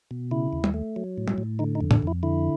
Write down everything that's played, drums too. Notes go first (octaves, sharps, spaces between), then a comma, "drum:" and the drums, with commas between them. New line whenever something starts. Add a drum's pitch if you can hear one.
B2
C#3 E4
D#2
drum: tom
A3
F#3
A2
drum: tom
A2
D3 D#4
D#4
F2
D4, drum: tom
F2 E4
D3 E4